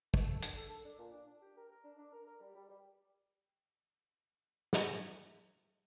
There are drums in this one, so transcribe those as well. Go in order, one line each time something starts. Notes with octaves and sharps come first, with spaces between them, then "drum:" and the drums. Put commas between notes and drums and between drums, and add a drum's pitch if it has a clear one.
A4, drum: kick
A4
D4, drum: hi-hat
A4
A4
D4
A#2
D4
D4
G4
A#4
A#4
D4
D4
A#4
A#4
G3
G3
G3
drum: snare